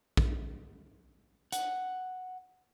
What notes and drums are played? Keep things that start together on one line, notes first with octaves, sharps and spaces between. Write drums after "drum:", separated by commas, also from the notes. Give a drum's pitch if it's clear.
drum: kick A#1
F#5, drum: hi-hat